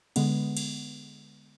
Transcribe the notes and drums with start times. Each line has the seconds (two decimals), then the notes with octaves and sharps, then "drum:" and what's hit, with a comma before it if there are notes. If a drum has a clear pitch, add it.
0.16 D3 G#3 B3, drum: cymbal
0.57 drum: cymbal